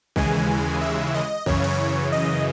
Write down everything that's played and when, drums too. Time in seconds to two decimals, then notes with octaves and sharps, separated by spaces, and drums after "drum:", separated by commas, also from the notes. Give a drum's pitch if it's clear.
0.16 D#2 C#3 E3 G#3 G#5, drum: kick B1
0.81 E5
1.14 D#5
1.46 F#2 C#3 E3 C#5, drum: kick B1
1.64 drum: cymbal
2.12 D#5